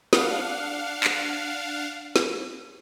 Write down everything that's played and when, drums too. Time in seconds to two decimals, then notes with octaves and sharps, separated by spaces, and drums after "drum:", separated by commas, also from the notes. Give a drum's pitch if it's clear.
0.13 D4 F5 F#5, drum: snare
1.04 drum: clap
2.16 drum: snare